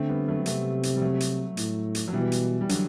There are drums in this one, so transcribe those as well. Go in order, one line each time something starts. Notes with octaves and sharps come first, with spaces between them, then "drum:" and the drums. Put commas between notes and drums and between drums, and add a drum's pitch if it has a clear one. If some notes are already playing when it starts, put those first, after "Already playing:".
Already playing: D3 A3 C4
G3 B3
F#3 A3
C3 F#3 A3, drum: hi-hat
drum: hi-hat
G3
F#3 A3
drum: hi-hat
A2, drum: hi-hat
drum: hi-hat
F#3
B2 E3 G3
drum: hi-hat
G3
D3 F#3, drum: hi-hat